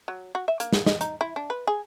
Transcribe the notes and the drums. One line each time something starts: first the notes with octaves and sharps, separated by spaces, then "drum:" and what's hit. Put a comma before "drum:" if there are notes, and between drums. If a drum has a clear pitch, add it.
F#3
F#4
E5
A#3, drum: hi-hat
drum: snare
D#5, drum: snare
D#4, drum: hi-hat
E4
D4
B4
G#4